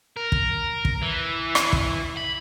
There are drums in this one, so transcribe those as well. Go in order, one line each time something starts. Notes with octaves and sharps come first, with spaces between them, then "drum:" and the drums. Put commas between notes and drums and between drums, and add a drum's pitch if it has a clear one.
A#4
drum: kick
drum: kick
E3
drum: rim click
drum: kick
B5